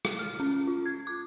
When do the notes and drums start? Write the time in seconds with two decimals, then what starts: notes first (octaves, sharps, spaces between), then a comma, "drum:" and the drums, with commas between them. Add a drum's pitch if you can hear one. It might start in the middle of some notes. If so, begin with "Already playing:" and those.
0.05 drum: rim click
0.19 F6
0.40 C#4
0.67 F4
0.86 G#6
1.07 D6